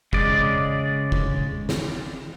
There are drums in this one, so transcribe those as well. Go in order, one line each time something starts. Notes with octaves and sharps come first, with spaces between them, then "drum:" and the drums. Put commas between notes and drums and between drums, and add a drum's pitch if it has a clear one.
C#3 G#3 D5, drum: kick
drum: kick
drum: snare